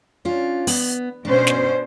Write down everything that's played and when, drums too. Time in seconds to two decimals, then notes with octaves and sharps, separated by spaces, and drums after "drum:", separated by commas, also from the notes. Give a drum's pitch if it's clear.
0.25 C#4 D4 F4
0.67 B3, drum: open hi-hat
1.25 B2 C#4 D4 C5
1.47 drum: snare